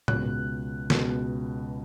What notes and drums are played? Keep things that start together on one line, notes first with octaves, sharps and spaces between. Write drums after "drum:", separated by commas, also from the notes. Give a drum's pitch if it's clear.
C#2 B2 F#6, drum: tom A2
C#2 B2, drum: snare